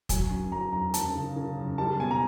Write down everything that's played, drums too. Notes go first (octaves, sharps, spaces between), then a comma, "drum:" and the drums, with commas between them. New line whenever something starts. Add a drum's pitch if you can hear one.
F#3 G#5, drum: kick, hi-hat
F#2
F#3 A#5
F#2 A#5
F#2 A5, drum: hi-hat
C#3
C#3
F#2
G3 A5
B2 G#5
A#5